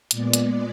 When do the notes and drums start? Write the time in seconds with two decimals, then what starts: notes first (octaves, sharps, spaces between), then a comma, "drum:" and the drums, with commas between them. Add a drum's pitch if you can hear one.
0.11 A#2 G#3 B3 D5, drum: hi-hat
0.33 drum: hi-hat